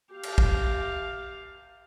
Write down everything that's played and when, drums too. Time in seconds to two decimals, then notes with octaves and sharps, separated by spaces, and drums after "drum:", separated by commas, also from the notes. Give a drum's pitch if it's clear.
0.14 G4 F5
0.23 drum: cymbal
0.38 drum: kick